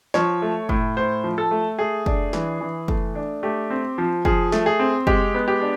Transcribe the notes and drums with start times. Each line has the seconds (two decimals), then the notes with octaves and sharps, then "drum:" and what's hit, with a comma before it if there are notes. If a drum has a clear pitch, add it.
0.14 F3 C#5, drum: snare
0.42 A3
0.69 A2, drum: kick
0.97 A2 C5
1.24 F3
1.38 A4
1.51 A3
1.79 A3 G#4
2.06 D4, drum: kick
2.33 E3, drum: snare
2.61 E3
2.88 A3, drum: kick
3.15 D4
3.43 A3 G4
3.70 C4
3.98 F3
4.25 F3 G#4, drum: kick
4.52 A3, drum: snare
4.66 G#4
4.79 C4
5.07 G#3 G4, drum: kick
5.34 B3
5.48 G4
5.61 D4